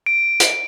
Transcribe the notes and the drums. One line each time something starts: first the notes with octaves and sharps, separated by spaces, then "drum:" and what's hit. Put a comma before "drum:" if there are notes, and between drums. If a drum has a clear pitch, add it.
D7
drum: hi-hat